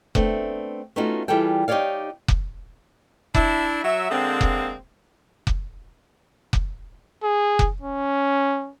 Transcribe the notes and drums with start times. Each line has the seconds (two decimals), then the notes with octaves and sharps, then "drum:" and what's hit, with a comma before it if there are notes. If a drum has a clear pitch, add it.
0.15 A3 B3 C4 D4, drum: kick F1
0.96 A3 B3 C#4 D#4 F4 F#4
1.28 E3 G3 F4 G#4 A4 G5
1.68 D#4 G4 G#4 C#5 D5 F5
2.28 drum: kick F1
3.35 D4 E4, drum: kick F1
3.84 F#3 E5
4.11 D3 G#3 A#3 C4
4.41 drum: kick F1
5.47 drum: kick F1
6.53 drum: kick F1
7.24 G#4
7.59 drum: kick F1
7.82 C#4